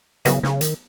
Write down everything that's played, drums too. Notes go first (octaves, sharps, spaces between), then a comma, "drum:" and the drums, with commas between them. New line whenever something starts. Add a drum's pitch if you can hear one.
F#2 C#3 E3 B3 D#4 F#4, drum: hi-hat
C#3, drum: snare
D#3, drum: hi-hat